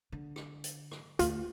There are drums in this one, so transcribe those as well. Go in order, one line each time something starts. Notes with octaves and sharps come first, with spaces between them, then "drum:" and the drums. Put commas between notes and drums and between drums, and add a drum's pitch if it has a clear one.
D3
drum: rim click
drum: hi-hat
drum: rim click
D2 F4, drum: hi-hat